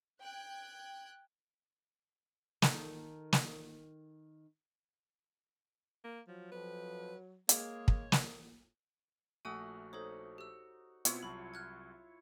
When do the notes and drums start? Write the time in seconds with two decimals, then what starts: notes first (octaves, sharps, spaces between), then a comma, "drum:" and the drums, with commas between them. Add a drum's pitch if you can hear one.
0.20 G5 F#6 G#6
2.62 D#3 A4, drum: snare
3.33 drum: snare
6.04 A#3
6.28 F3 F#3
6.52 F2 F3 B4
7.49 G#3 A#3 G#4 C#5, drum: hi-hat
7.88 drum: kick
8.12 drum: snare
9.45 A#1 A3 F#4 G#5 D#6 E6
9.93 D#4 A4 C5 C#5
10.38 G4 E6
11.05 B2 B3 C4 E4 F4 C#5, drum: hi-hat
11.23 C2 F#3 A5 B5
11.54 F6 F#6 G#6